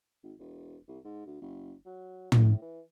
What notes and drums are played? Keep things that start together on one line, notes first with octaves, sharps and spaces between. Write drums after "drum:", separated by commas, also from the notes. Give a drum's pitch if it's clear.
G#1
E1
C2
G#2
D2
F#1
F#3
A2, drum: tom
E3